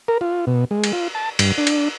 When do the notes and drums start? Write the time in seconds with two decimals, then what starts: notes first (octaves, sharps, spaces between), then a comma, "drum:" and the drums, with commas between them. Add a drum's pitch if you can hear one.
0.08 A#4
0.21 F4
0.47 B2
0.71 G#3
0.84 drum: cymbal
0.93 F4
1.15 A5
1.39 G2, drum: cymbal
1.58 D4
1.67 drum: cymbal